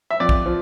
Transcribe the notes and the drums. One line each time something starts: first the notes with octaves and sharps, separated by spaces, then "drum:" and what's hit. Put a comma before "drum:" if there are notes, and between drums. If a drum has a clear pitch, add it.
E5
F2 D5
drum: kick A#1
F3